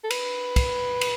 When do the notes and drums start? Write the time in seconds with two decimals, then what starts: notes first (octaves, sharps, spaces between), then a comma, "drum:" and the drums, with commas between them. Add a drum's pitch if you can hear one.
0.04 A4
0.10 B4, drum: cymbal
0.56 drum: kick, cymbal
1.01 drum: cymbal